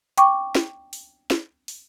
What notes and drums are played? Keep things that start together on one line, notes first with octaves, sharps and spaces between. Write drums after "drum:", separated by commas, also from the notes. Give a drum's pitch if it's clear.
G5 C#6 D6, drum: hi-hat
drum: snare
drum: open hi-hat
drum: snare
drum: open hi-hat